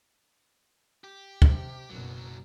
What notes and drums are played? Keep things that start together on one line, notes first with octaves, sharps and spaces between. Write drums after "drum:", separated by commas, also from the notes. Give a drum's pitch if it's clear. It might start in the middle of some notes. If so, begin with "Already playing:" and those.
G4
C3, drum: kick
F#1 B1 B2 F#3